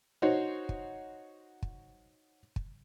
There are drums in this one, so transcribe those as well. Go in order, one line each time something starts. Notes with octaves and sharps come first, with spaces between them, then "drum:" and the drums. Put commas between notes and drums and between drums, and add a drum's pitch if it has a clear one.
D#4 F#4 C5 C#5
drum: kick
drum: kick
drum: kick